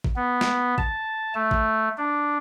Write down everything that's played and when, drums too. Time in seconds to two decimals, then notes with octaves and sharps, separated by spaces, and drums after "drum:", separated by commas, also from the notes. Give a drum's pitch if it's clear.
0.04 drum: kick
0.16 B3
0.41 drum: snare
0.78 A5, drum: kick
1.35 A3
1.51 drum: kick
1.97 D4